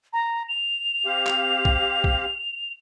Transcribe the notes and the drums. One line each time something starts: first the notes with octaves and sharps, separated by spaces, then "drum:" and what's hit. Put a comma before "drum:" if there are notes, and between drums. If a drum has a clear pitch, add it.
A#5
F7
C4 G4 F5
drum: clap
drum: kick B1
drum: kick B1